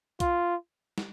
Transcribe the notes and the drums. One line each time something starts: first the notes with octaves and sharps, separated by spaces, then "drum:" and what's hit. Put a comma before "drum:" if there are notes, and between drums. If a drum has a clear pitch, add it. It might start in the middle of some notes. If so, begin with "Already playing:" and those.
F4, drum: kick B1, hi-hat
drum: snare